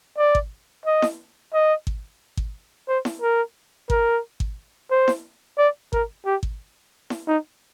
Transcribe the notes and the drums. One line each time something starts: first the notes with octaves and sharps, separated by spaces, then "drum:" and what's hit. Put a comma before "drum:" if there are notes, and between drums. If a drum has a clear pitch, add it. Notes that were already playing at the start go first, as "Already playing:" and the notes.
D5
drum: kick G#1
D#5
drum: snare E4
D#5
drum: kick G#1
drum: kick G#1
C5
drum: snare E4
A#4
A#4, drum: kick G#1
drum: kick G#1
C5
drum: snare E4
D5
A#4, drum: kick G#1
G4
drum: kick G#1
drum: snare E4
D#4